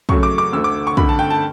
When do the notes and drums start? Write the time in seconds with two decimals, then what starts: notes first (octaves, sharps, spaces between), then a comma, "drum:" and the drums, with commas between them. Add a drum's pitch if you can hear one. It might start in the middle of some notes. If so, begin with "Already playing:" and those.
0.09 F#2 C#3 F#3 A3 C#6, drum: kick
0.23 D6
0.38 D6
0.53 D2 D3 A3 E6
0.64 D6
0.87 C#6
0.97 G2 D3 A3 B5, drum: kick
1.09 A5
1.19 G5
1.30 A5